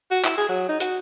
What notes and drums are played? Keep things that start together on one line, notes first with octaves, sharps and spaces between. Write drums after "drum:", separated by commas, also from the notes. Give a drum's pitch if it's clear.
F#4
E4, drum: clap
G#4
F#3
D#4
F#4, drum: hi-hat